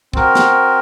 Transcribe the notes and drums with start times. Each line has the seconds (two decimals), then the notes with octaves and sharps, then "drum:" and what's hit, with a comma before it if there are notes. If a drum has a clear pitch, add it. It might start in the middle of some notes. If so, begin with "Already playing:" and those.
0.13 C4 F#4 A#4, drum: kick
0.35 drum: snare